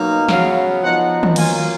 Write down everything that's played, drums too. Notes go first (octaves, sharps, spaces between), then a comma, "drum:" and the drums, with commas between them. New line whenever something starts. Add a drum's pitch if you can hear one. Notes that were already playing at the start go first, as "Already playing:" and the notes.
Already playing: B2 F#3 A#3 D#4
C#3 F#3 B3 F5, drum: snare
F3 B3 D#4 F#5
drum: tom D#3
F#3 A#3 F4 G#5, drum: cymbal